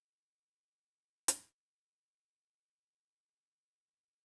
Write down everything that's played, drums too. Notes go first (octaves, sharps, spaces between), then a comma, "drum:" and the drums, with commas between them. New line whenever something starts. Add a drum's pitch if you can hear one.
A#3 E4 B4 C5
drum: hi-hat
D4
G#2
C#3 B3 G#4 B4 B6
A#1 F2 G#2 G#3 B3 C4